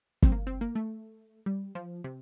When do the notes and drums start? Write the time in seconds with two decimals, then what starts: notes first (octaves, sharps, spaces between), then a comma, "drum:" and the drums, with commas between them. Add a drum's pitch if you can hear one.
0.22 C4, drum: kick
0.32 A#3
0.47 C4
0.61 A#3
0.75 A3
1.46 G3
1.75 F3
2.04 C3